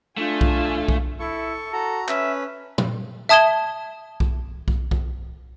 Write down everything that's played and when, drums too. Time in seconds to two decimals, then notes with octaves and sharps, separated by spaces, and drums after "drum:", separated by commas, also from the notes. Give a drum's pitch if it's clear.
0.17 A3 D4 F4 G#5
0.41 drum: kick B1
0.88 drum: kick B1
1.20 E4 A4 C#6
1.73 F#4 A4 A#5
2.08 C#4 B4 E5, drum: clap
2.78 drum: tom
3.29 E5 A5 D#6 G#6 E7 G7
4.20 drum: kick B1
4.68 drum: kick B1
4.91 drum: kick B1